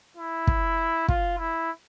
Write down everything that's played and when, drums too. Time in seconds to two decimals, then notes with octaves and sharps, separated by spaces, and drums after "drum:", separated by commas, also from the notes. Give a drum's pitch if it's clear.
0.17 E4
0.47 drum: kick
1.08 F4, drum: kick
1.39 E4